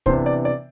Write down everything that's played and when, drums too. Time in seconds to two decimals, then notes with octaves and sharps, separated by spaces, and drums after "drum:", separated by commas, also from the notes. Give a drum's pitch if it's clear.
0.06 C3 E3 B3 D4 C5, drum: kick
0.26 D5
0.45 D5